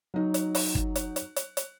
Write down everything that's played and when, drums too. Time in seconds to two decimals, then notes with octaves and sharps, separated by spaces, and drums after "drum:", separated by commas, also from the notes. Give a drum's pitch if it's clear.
0.14 F#3 D#4
0.34 drum: hi-hat
0.55 drum: open hi-hat
0.75 drum: kick
0.96 drum: hi-hat
1.16 drum: hi-hat
1.36 drum: hi-hat
1.57 drum: hi-hat